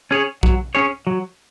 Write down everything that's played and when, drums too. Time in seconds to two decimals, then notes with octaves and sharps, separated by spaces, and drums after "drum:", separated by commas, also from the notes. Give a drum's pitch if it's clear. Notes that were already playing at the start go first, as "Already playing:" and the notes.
0.11 C#4 G#4 C#5
0.43 F#3, drum: kick A#1
0.75 C#4 G#4 C#5
1.07 F#3